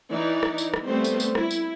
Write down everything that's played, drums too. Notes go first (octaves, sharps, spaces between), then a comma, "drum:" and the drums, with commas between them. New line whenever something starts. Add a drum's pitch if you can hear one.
E3 D#4 D5
drum: rim click
drum: tambourine
drum: rim click
G3 A3 B3 C4 C5
drum: tambourine
drum: tambourine
E4, drum: rim click
drum: tambourine